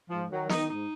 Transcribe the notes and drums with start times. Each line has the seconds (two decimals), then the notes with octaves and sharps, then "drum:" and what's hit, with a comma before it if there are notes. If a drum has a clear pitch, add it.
0.09 G#2 F3
0.30 D#3 F#3
0.49 D#3 D#4, drum: snare
0.69 G#2 D#4